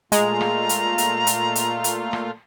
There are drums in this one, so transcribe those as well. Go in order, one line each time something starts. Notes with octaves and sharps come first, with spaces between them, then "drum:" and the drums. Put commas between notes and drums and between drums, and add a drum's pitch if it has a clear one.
A#2 G#3 A3 F4 A#5, drum: hi-hat
drum: rim click
drum: hi-hat
drum: hi-hat
drum: hi-hat
drum: hi-hat
drum: hi-hat
drum: rim click